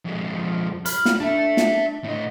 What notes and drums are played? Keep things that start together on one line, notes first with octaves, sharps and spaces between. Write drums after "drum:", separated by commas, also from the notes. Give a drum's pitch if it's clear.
F2 G#3
F3
B5 F6, drum: hi-hat
drum: snare
D4 E5 A5
drum: snare
A2 D#5